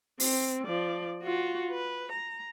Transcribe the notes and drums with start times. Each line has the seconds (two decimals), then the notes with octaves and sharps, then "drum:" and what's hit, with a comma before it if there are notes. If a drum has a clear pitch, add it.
0.20 C4, drum: open hi-hat
0.65 F3 D5
1.23 F4 F#4
1.71 B4
2.12 A#5